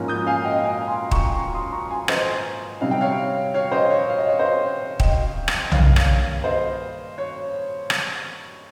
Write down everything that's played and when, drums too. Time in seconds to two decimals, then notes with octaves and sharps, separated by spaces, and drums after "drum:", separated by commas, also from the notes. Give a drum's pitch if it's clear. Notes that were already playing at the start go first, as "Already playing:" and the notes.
Already playing: G#2 F3 A#3 C#4
0.08 D#6 G6
0.27 F5 G#5
0.45 D#5 G5
0.64 F5 G#5
0.88 G#5 C6
1.11 A#5 C#6, drum: kick
1.36 A#5 C#6
1.54 C6 D#6
1.72 A#5 C#6
1.90 G#5 C6
2.08 C5 D#5, drum: rim click
2.81 C3 G3 C4 D#4 F5
2.91 G5
3.01 C#5 F5
3.54 C#5 F5
3.72 C5 D#5
3.90 C#5
4.09 F5
4.18 D#5
4.29 C#5
4.39 C5 D#5
5.00 D#5 G5, drum: kick
5.48 drum: rim click
5.72 G2 D#3 A#3 C#5 F5, drum: tom
5.96 drum: rim click
6.44 C5 D#5
7.18 C#5
7.90 drum: rim click